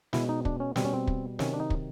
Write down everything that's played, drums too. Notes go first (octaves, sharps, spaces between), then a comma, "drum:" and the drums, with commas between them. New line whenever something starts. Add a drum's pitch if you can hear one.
B2 G#3 E4, drum: snare
D#4
D4, drum: kick
C#4
B2 G3 C4, drum: snare
C#4
C4
drum: kick
C3 D#3 F#3 C#4, drum: snare
D4
D#4
drum: kick